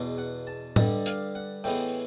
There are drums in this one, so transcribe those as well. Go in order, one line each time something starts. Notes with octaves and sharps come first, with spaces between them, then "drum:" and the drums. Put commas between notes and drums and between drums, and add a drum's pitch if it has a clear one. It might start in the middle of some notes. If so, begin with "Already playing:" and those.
Already playing: E2 B2 G#3
F#5
A5
G2 D3 G3 D#5, drum: tom A2
F5, drum: hi-hat
F#5
A2 E3 G#3 B3 G5, drum: open hi-hat